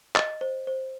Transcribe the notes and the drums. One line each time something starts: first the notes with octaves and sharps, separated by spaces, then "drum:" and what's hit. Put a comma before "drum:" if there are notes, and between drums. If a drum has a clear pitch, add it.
D#5 A6, drum: clap
C5
C5